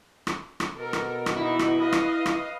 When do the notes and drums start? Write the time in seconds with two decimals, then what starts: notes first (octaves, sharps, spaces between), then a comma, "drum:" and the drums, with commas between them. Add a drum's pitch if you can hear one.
0.27 drum: rim click
0.60 drum: rim click
0.76 B2 A4 A#4
0.93 drum: rim click
1.26 drum: rim click
1.37 E3 D#4 E4
1.59 drum: rim click
1.80 B4 D#5 F5
1.92 drum: rim click
2.26 drum: rim click